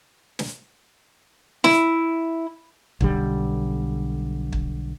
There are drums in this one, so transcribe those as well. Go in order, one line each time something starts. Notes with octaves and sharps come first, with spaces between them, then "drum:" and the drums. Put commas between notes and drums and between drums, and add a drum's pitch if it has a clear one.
drum: snare
E4, drum: snare
B1 D3 G3, drum: kick
drum: kick